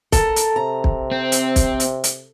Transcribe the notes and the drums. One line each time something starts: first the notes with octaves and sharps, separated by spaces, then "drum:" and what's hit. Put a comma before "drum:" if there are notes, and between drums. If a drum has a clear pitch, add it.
A4 A#4, drum: kick, hi-hat
drum: hi-hat
C3 A#5
drum: kick
C4
drum: hi-hat
drum: kick, hi-hat
drum: hi-hat
drum: hi-hat